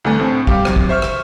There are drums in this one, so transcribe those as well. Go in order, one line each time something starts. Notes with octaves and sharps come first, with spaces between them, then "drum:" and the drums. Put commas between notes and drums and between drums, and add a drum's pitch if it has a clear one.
C2 D3 E3 A3 G#5 A5
A2 C4
G3 G4 F5, drum: kick
G#1 C3 F#3, drum: rim click
drum: kick
C5 E5 C#6 F6
drum: rim click